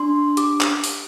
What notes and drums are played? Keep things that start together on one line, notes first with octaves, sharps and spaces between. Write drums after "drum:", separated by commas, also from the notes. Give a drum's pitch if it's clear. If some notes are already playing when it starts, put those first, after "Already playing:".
Already playing: D4 C6
G4 D6, drum: hi-hat
drum: clap
drum: open hi-hat